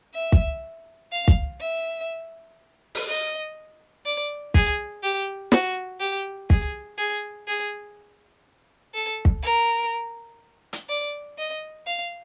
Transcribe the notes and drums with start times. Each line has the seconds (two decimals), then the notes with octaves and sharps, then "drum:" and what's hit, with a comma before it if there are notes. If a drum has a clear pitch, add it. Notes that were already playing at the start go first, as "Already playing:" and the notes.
0.14 E5
0.32 drum: kick
1.12 F5
1.28 drum: kick
1.60 E5
2.95 drum: open hi-hat
3.08 D#5
4.06 D5
4.54 G#4, drum: kick
5.03 G4
5.52 F#4, drum: snare
6.00 G4
6.50 G#4, drum: kick
6.98 G#4
7.48 G#4
8.94 A4
9.25 drum: kick
9.43 A#4
10.73 drum: hi-hat
10.89 D5
11.38 D#5
11.87 F5